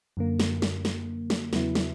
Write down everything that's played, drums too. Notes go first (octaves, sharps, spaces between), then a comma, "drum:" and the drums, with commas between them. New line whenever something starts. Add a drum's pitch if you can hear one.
F#2 D3 A#3
drum: snare
drum: snare
drum: snare
drum: snare
E2 C#3 F#3 B3 E4, drum: snare
drum: snare